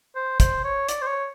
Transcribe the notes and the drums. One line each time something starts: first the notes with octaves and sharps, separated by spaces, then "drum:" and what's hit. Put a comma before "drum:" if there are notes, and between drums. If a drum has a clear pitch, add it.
C5
C5, drum: kick, hi-hat
C#5
D5, drum: hi-hat
C5
C#5